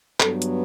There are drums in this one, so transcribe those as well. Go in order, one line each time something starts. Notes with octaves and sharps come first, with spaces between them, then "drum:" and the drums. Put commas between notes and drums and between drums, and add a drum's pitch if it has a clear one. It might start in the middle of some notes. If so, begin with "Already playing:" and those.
G2 F#3 B3 A4, drum: clap
drum: hi-hat